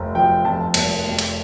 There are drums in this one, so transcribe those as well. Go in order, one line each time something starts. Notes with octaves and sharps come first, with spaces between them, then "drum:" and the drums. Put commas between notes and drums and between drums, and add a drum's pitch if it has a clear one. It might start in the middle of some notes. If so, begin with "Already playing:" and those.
Already playing: F1
F3 G5
F2 A5
F1, drum: cymbal
F1
drum: cymbal